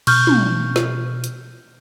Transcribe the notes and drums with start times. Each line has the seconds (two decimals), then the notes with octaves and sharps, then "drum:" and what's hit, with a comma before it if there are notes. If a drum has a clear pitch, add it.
0.07 B2 C#6 F6 G6, drum: cymbal
0.27 drum: tom
0.76 drum: snare
1.24 drum: hi-hat